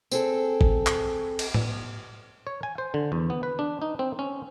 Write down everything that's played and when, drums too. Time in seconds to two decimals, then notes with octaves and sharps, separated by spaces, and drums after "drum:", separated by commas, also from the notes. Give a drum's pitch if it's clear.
0.12 C4 G#4 A4, drum: tambourine
0.61 drum: kick G#1
0.87 drum: clap
1.39 drum: cymbal
1.54 drum: tom A2
2.47 C#5
2.63 G#5
2.78 C5
2.94 D3
3.12 E2
3.30 B3
3.43 B4
3.59 D4
3.82 D#4
3.99 C4
4.19 C#4